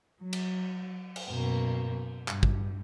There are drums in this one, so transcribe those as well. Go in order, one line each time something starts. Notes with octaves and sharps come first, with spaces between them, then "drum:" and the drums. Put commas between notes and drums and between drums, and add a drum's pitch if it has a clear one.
F#3
drum: cymbal
drum: cymbal
F#2 B2 A#3
G2, drum: clap
drum: kick